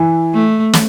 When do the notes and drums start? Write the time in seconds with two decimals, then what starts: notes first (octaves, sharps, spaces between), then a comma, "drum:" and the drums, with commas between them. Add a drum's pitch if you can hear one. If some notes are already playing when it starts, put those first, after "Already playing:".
Already playing: E3
0.34 A3
0.73 drum: snare